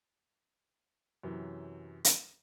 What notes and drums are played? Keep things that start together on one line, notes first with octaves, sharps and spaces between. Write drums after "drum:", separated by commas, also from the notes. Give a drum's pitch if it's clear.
F#2 C3 E3 F#3
drum: hi-hat